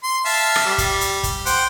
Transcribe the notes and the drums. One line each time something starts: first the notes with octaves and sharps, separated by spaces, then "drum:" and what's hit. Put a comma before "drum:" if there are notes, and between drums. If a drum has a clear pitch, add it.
C6
E5 F5 A5
drum: rim click
G3
drum: kick, hi-hat
drum: hi-hat
drum: kick, hi-hat
C5 F#5 G5, drum: hi-hat